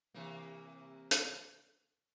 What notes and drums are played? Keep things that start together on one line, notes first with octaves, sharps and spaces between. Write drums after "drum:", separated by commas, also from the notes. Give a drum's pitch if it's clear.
C3 E3 A#3
drum: hi-hat